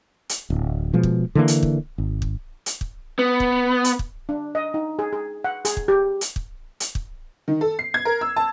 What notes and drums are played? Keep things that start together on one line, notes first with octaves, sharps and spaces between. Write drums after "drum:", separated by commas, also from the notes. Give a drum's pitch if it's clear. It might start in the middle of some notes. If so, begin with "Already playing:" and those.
drum: hi-hat
D1
B2 F3 G#3
drum: kick
D3 E3 A#3
drum: hi-hat
drum: kick
G#1
drum: kick
drum: hi-hat
drum: kick
B3
drum: kick
drum: hi-hat
drum: kick
D4
D#5
D#4
G#4
G#4
F#5
G#4, drum: hi-hat
drum: kick
G4
drum: hi-hat
drum: kick
drum: hi-hat
drum: kick
D#3
A4
C7
G#6
A#4
E6
A5